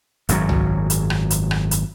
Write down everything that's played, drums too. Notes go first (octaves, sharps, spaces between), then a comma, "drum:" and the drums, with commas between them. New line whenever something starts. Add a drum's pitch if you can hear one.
G#1 F#2 C3 F#3, drum: hi-hat
drum: tom C2
drum: hi-hat
drum: rim click
drum: hi-hat
drum: rim click
drum: hi-hat